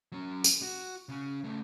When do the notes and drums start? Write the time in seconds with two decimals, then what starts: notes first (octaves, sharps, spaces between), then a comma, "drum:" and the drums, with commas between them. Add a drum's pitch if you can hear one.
0.12 F#3 C#4
0.44 drum: tambourine
0.62 F#4
1.09 C#3 C#4
1.44 C#3 A3